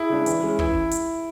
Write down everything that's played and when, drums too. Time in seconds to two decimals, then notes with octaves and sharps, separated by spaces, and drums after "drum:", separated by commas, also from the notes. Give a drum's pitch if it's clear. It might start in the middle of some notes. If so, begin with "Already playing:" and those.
Already playing: E4 G#4
0.10 C#3 G#3 D4
0.26 E3, drum: hi-hat
0.43 G#3 C#4
0.59 E3 E4, drum: kick
0.91 drum: hi-hat